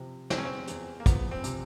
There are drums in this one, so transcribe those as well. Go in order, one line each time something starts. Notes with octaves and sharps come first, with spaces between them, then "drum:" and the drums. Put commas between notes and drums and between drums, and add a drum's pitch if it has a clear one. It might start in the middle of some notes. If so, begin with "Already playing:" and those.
Already playing: C3 F3
E2 C4, drum: snare
C#4
C4
E2, drum: hi-hat
A#3
F3 B3, drum: kick, hi-hat
C4
C3, drum: hi-hat